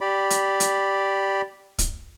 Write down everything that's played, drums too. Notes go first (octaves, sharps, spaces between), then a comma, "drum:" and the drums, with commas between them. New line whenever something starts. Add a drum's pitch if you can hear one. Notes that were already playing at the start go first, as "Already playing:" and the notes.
G4 D5 B5
drum: hi-hat
drum: hi-hat
drum: kick, hi-hat